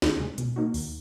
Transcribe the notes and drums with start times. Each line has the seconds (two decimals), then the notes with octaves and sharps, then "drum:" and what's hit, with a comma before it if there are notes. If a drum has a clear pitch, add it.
0.02 D#2, drum: snare
0.20 C#3 G#3
0.38 B2, drum: hi-hat
0.56 A#3 D#4 F#4
0.74 D#2, drum: open hi-hat